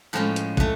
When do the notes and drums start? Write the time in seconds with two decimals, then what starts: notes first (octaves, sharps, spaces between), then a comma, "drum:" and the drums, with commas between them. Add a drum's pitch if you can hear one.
0.13 A2 F3 G#3 C#4
0.36 drum: hi-hat
0.57 E3 A3, drum: kick